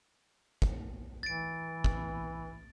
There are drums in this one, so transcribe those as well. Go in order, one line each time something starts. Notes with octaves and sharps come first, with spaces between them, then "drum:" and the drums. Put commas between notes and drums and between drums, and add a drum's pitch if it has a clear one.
drum: kick
E3 A6 D7
drum: kick